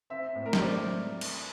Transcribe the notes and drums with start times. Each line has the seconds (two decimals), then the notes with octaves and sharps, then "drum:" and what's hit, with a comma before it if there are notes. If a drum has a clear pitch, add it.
0.10 C4 E5
0.35 A2
0.46 A#4
0.53 C5, drum: snare
0.60 C4 D5
1.21 drum: cymbal